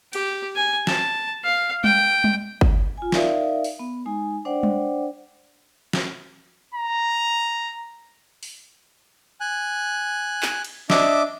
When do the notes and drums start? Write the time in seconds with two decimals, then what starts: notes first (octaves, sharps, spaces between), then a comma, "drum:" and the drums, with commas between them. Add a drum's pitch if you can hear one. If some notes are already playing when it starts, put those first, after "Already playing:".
0.13 G4, drum: cymbal
0.56 G#5
0.87 A5, drum: snare
1.44 F5
1.84 G5, drum: tom G3
2.24 drum: tom G3
2.61 drum: kick G1
2.98 F4 G#5
3.12 D#4 A#4 D5 E5 F5, drum: snare
3.64 drum: open hi-hat
3.79 B3
4.06 G#3 D#4 G#5
4.45 D4 C5 D5 F#5 G5
4.63 drum: tom G3
5.93 drum: snare
6.74 A#5
8.43 drum: open hi-hat
9.41 G#5 F#6
10.43 drum: clap
10.64 drum: cymbal
10.90 D4 D#5 E5 D6, drum: snare